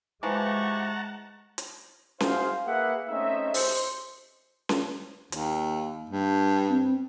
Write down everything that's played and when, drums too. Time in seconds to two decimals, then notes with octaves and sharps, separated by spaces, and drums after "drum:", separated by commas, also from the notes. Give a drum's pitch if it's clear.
0.23 E3 F3 G#3 G4 F#5 A5 A#5 C#6
1.58 drum: hi-hat
2.20 E4 F#4 G#4 C5 F5, drum: snare C#4
2.67 A#3 G#4 B4 E5 F#5
3.09 A3 C4 C#4 D#4 D#5 E5
3.54 C5, drum: open hi-hat
4.69 drum: snare C#4
5.32 D#2, drum: hi-hat
6.10 G2
6.70 C4